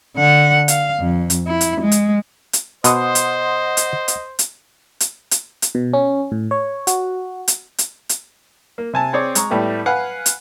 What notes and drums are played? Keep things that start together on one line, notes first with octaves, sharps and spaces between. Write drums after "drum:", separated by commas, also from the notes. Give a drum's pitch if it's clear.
D3 F#5
F5, drum: hi-hat
F2
drum: hi-hat
E4
drum: hi-hat
G#3
drum: hi-hat
drum: hi-hat
B2 C5 D#5 F#5 C6 D#6, drum: hi-hat
drum: hi-hat
drum: hi-hat
drum: hi-hat
drum: hi-hat
drum: hi-hat
drum: hi-hat
drum: hi-hat
B2
C#4
A2
C#5
F#4, drum: hi-hat
drum: hi-hat
drum: hi-hat
drum: hi-hat
A#3
C3 G#5 A5
C4 G#4 C#5 D5
G#3 A#5 C#6, drum: hi-hat
A2 G3 A3 B3 G4
B4 F5 F#5 G#5
drum: hi-hat